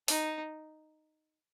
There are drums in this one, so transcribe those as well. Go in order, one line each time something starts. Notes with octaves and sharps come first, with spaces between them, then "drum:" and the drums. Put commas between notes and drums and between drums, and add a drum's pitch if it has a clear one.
D#4, drum: open hi-hat